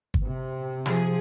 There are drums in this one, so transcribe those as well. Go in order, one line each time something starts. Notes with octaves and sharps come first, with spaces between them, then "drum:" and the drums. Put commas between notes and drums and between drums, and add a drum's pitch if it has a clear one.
drum: kick
C3
F3 G#4, drum: snare